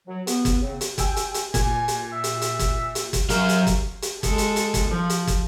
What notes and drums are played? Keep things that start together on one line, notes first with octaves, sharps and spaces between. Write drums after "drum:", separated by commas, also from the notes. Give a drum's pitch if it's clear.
F#3
B3, drum: hi-hat
drum: kick, hi-hat
C#3 C4
drum: hi-hat
G5 G#5 E6, drum: kick, hi-hat
drum: hi-hat
drum: hi-hat
A#2 G#5, drum: kick, hi-hat
drum: hi-hat
E5
drum: hi-hat
drum: hi-hat
drum: kick, hi-hat
drum: hi-hat
drum: kick, hi-hat
F#3 A#4 F5, drum: hi-hat
drum: hi-hat
drum: kick, hi-hat
drum: hi-hat
G#3 A4, drum: kick, hi-hat
drum: hi-hat
drum: hi-hat
drum: kick, hi-hat
F3
drum: hi-hat
drum: kick, hi-hat